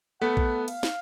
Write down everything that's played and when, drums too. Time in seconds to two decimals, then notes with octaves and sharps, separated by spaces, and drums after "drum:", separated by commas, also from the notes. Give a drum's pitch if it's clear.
0.21 A3 B3 F#5
0.37 drum: kick
0.68 F5, drum: cymbal
0.83 drum: snare